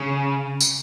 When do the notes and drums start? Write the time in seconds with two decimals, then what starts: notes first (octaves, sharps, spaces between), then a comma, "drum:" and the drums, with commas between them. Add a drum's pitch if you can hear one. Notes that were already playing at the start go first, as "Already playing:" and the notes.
Already playing: C#3
0.61 drum: tambourine